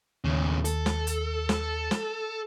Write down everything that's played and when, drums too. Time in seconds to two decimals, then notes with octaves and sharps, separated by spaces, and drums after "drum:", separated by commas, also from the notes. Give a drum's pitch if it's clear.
0.24 D#2 A2 C#3
0.65 A4, drum: hi-hat
0.86 drum: snare
1.07 drum: hi-hat
1.49 drum: snare
1.91 drum: snare